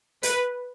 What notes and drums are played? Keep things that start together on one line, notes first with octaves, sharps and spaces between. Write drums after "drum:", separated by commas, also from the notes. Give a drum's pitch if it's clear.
B4, drum: hi-hat